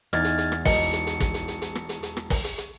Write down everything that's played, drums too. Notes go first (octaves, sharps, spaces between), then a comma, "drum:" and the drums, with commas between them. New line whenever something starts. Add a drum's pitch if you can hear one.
E2 D#4 F6 G#6 A6, drum: rim click
drum: hi-hat
drum: hi-hat
drum: rim click
E1 D#4 C#7, drum: kick, open hi-hat
drum: hi-hat
drum: hi-hat
drum: kick, hi-hat
drum: hi-hat
drum: hi-hat
drum: hi-hat
drum: rim click
drum: hi-hat
drum: hi-hat
drum: rim click
drum: kick, open hi-hat
drum: hi-hat
drum: hi-hat